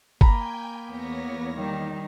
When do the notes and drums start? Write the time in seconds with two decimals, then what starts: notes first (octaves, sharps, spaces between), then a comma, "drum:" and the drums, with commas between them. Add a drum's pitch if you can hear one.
0.21 A#3 G5 G#5 A#5 B5 G6, drum: kick G1
0.87 E2 B3 C#5 A#6
1.55 D#3 G3 D#4